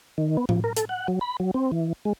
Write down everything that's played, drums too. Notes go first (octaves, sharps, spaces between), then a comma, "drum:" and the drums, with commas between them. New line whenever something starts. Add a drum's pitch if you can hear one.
D#3
B3
F3, drum: tom A2
A#4
A4, drum: hi-hat
F#5
F#3
B5
F#3
C4
E3
G#3